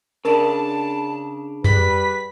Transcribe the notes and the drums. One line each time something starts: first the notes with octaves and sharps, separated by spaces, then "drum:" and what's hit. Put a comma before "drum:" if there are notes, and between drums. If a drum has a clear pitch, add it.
C#3 D4 A#4 A5
G3 G#4 B4 B6, drum: tom F2